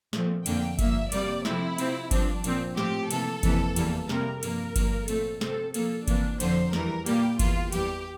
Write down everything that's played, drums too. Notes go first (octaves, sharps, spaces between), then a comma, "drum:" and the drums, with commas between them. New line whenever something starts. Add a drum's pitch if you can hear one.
A#2 F3 A3 C4, drum: snare
F2 D3 F3 A#3 G5, drum: cymbal
G2 F3 A#3 E5, drum: kick G1, cymbal
C3 G3 A#3 D5, drum: cymbal
C3 F3 A3 C4 E4, drum: snare
C3 F3 C4, drum: cymbal
G2 F3 C4 D4, drum: kick G1, cymbal
A#2 F3 C4, drum: cymbal
A2 F3 C4 G4, drum: snare
C3 E3 A#3 A4, drum: cymbal
F2 C3 E3 A#3, drum: kick G1, cymbal
E2 E3 G3 A#3, drum: cymbal
C3 G3 A#3 A#4, drum: snare
G2 F3 A#3 A#4, drum: cymbal
G2 F3 A#3, drum: kick G1, cymbal
A#2 A3 C4 A4, drum: cymbal
C3 F3 C4 A4, drum: snare
A#2 F3 A#3 A4, drum: cymbal
C3 E3 A#3 D4, drum: kick G1, cymbal
F2 D3 F3 C4 C5, drum: cymbal
E2 E3 G3 A#4, drum: snare
A#2 G3 A#3 G4, drum: cymbal
E2 E3 A#3 F4, drum: kick G1, cymbal
E2 E3 G3 G4, drum: cymbal